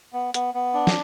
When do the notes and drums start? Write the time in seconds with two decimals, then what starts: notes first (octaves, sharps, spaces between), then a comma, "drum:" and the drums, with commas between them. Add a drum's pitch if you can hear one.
0.13 B3
0.34 B3, drum: hi-hat
0.54 B3
0.74 D4
0.87 drum: snare